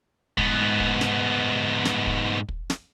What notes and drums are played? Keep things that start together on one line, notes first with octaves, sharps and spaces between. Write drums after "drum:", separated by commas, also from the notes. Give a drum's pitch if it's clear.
G#2 B3, drum: kick
drum: kick
drum: snare
drum: snare
drum: kick
drum: kick
drum: snare